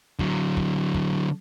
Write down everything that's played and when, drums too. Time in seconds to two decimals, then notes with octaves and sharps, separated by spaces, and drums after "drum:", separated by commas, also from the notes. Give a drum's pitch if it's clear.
0.19 D3 F#3, drum: kick
0.57 drum: kick
0.94 drum: kick